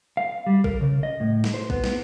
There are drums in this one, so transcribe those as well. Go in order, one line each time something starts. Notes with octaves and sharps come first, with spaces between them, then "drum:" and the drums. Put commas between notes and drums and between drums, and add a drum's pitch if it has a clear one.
F5
G3
A#4, drum: kick
C#3
D#5
A2
drum: snare
C5
B3, drum: kick
drum: snare